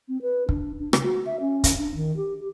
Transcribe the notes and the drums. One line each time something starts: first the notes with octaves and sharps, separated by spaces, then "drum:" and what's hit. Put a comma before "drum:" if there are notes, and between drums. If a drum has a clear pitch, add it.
C4
B4
D4, drum: kick
D4
C#3, drum: rim click
F#4
E5
C#4
drum: kick, hi-hat
D4
D#3
G4
G4